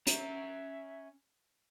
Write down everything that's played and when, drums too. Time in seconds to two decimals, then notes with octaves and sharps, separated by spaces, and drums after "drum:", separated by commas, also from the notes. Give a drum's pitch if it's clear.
0.07 C#4 E5 A#5, drum: hi-hat